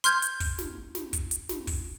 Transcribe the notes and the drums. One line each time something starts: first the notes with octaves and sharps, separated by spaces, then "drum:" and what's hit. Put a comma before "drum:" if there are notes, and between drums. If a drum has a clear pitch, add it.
C6 F6 G6 G#6, drum: hi-hat
drum: hi-hat
drum: kick, open hi-hat
drum: snare
drum: snare
drum: kick, hi-hat
drum: hi-hat
drum: snare
drum: kick, open hi-hat